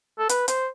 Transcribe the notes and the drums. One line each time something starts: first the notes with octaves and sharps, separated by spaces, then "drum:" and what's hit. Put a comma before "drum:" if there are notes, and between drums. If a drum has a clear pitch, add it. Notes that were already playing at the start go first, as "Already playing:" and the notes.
A4
B4, drum: hi-hat
C5, drum: hi-hat